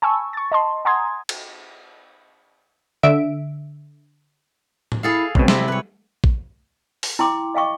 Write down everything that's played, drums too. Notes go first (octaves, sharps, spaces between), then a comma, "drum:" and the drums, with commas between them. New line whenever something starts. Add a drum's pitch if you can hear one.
G#5 A5 B5 C#6 E6
C#6 A6
D#5 A5 C6
F#5 G#5 A#5 C6 D#6 G#6
drum: cymbal
D3 E5 D7
drum: tom A2
E4 G#4 A4 F5
C#2 B2 C4, drum: kick
C3 E4, drum: snare
G3 B4 C#5
drum: kick
drum: open hi-hat
E4 G5 C6 D6
D#5 F5 G5 C#6 D6